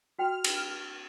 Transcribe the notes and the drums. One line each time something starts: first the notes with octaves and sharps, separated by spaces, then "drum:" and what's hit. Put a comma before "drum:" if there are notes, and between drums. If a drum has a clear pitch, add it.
F#4 G5 F6
drum: cymbal